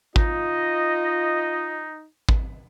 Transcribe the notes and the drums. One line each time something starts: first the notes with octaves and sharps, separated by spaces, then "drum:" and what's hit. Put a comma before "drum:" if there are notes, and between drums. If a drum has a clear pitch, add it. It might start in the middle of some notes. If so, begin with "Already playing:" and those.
D#4 F4 D#5, drum: kick G#1
drum: kick G#1